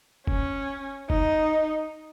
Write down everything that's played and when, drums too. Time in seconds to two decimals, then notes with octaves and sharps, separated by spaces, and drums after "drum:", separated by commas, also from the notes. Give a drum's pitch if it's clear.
0.27 C#4, drum: kick F#1
1.10 D#4, drum: kick F#1